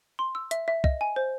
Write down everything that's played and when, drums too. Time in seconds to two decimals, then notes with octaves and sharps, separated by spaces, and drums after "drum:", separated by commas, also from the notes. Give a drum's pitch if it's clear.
0.19 C6
0.35 E6
0.51 E5, drum: hi-hat
0.68 E5
0.84 D#5, drum: kick C2
1.01 G#5
1.16 C5